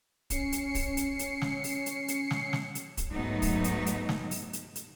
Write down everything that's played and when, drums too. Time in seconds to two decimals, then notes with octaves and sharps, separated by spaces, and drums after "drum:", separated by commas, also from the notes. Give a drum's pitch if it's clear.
0.30 C#4 C7 C#7, drum: kick, hi-hat
0.52 drum: hi-hat
0.75 drum: kick, open hi-hat
0.97 drum: hi-hat
1.19 drum: hi-hat
1.41 drum: snare
1.64 drum: open hi-hat
1.86 drum: hi-hat
2.08 drum: hi-hat
2.31 drum: snare
2.53 drum: snare
2.75 drum: hi-hat
2.97 drum: kick, hi-hat
3.13 G#2 F#3 A3 B3 D#4
3.42 drum: kick, open hi-hat
3.64 drum: hi-hat
3.86 drum: hi-hat
4.09 drum: snare
4.31 drum: open hi-hat
4.53 drum: hi-hat
4.76 drum: hi-hat